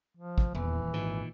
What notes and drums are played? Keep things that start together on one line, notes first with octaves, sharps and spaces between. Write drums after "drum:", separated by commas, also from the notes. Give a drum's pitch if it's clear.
F3
drum: kick
D#1 E2 E3
G#1 A#2 D#3